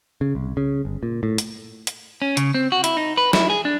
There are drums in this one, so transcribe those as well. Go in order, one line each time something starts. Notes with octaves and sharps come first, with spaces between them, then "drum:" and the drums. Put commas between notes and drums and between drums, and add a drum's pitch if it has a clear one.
C#3
C2
C#3
G1
A#2
A2
drum: hi-hat
drum: hi-hat
C#4
C#3, drum: hi-hat
C4
F#4
E4, drum: hi-hat
D#4
B4
E4, drum: snare
G#4
D4